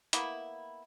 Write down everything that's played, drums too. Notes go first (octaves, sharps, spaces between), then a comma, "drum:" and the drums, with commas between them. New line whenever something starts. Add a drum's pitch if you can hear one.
A#3 B3 E4, drum: hi-hat